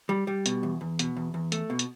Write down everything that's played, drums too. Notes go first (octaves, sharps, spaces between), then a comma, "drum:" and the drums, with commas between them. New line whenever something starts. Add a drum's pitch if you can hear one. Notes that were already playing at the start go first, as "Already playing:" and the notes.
G3
G3
B2, drum: hi-hat
E2
E2
B2, drum: hi-hat
E2
E2
A3, drum: hi-hat
B2
drum: hi-hat